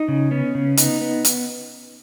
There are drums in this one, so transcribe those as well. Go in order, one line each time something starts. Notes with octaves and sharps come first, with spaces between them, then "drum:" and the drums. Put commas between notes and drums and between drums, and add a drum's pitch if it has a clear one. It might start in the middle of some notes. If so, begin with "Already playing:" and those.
Already playing: D#4
C#3
B3 C#4
C#3
B3 D#4, drum: hi-hat
B3
drum: hi-hat